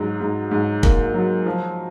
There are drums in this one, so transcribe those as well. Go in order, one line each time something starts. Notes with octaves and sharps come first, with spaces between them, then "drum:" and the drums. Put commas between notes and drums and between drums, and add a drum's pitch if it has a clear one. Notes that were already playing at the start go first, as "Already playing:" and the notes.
Already playing: G#2 F#3
G#2
G#2
A#3, drum: kick
F#3
F3